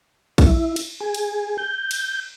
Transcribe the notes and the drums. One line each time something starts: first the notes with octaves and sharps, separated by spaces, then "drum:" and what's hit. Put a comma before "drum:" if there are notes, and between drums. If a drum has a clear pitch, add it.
E4, drum: kick A#1, cymbal
drum: cymbal
G#4
drum: cymbal
G6
drum: cymbal